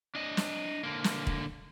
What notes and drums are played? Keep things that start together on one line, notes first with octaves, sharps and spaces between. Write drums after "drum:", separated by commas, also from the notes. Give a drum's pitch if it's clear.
D4 D#5
drum: snare
D3 A#3
drum: snare
drum: kick